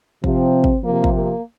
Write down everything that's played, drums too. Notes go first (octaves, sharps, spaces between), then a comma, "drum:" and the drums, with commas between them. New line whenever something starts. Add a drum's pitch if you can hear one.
C3 F3 C4, drum: kick
drum: kick
C3 F3 A#3
drum: kick
A#3